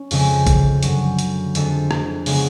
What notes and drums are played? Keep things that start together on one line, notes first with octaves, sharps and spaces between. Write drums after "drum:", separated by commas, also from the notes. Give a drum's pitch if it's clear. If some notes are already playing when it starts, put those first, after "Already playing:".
Already playing: C#4
F2 C#3 G#3, drum: open hi-hat
drum: kick, hi-hat
F#2 D3 F#3 C#4, drum: hi-hat
drum: hi-hat
F2 D3 G#3 D4, drum: hi-hat
drum: rim click
C#3 G#3 B3, drum: open hi-hat